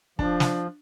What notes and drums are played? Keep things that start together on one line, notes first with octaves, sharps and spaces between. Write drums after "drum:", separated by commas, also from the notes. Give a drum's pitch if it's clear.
F3 D4, drum: kick
drum: snare